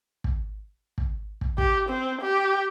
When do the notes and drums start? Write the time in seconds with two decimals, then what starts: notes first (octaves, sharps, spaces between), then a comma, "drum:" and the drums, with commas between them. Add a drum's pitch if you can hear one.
0.24 drum: kick
0.98 drum: kick
1.41 drum: kick
1.58 G4, drum: kick
1.89 C4
2.21 G4